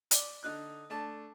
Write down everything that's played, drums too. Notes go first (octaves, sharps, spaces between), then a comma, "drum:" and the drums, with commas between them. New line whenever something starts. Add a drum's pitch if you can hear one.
D5, drum: hi-hat
D3 D#4 F#6
A3 D4 A5